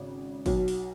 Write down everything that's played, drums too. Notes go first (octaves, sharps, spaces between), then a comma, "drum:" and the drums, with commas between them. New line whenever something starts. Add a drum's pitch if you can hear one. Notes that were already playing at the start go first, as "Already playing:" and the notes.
Already playing: G#1 C#3
B1 B2 F#3, drum: kick G#1, open hi-hat
drum: open hi-hat